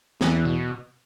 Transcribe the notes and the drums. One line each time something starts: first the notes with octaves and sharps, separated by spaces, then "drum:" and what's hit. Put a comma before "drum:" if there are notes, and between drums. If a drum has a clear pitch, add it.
E2 E3, drum: snare
B2